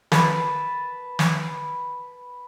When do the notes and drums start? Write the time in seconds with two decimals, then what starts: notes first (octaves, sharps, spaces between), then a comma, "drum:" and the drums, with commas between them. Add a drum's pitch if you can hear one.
0.12 B4 A5, drum: snare
1.19 drum: snare